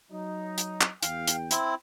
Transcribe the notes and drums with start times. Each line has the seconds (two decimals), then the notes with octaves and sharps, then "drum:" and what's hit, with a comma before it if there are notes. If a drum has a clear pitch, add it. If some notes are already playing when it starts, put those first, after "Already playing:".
0.11 F#3 D#4
0.58 drum: hi-hat
0.81 drum: clap
1.03 E2 F5 G5, drum: hi-hat
1.28 drum: hi-hat
1.51 C4 E4, drum: hi-hat